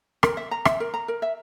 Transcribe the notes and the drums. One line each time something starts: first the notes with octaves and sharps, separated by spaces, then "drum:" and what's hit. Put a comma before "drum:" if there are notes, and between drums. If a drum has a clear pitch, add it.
A#4, drum: rim click
E5
A#5
E5, drum: rim click
A#4
A#5
A#4
E5